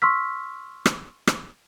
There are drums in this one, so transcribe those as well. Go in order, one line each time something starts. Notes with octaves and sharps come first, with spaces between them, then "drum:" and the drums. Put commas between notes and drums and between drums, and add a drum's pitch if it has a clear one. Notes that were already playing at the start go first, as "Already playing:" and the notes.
C6 C#6 E6 F6 B6
drum: rim click
drum: rim click